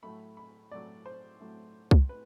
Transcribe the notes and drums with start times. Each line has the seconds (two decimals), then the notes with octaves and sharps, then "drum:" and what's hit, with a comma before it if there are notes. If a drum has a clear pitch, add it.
0.03 A2 F#3 A3 B5
0.37 B5
0.71 A2 F#3 A3 D5
1.06 C5
1.40 A2 F#3 A3
1.91 drum: kick C2
2.09 A2 B4